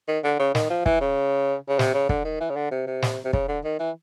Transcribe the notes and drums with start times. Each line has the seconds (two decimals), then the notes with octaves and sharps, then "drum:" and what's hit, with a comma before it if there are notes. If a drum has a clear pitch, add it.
0.08 D#3
0.24 D3
0.40 C#3
0.55 D#3, drum: snare
0.70 F3
0.86 E3, drum: kick
1.01 C#3
1.69 C#3
1.79 C3, drum: snare
1.94 C#3
2.09 D3, drum: kick
2.25 D#3
2.41 E3
2.50 C#3
2.56 D3
2.71 C3
2.87 C3
3.02 drum: snare
3.25 C3
3.33 C#3, drum: kick
3.49 D3
3.64 D#3
3.80 E3